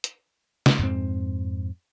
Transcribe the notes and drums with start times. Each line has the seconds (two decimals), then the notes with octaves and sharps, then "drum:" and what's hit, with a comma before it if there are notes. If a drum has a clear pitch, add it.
0.04 drum: hi-hat
0.66 drum: snare
0.79 F2 G#2 C4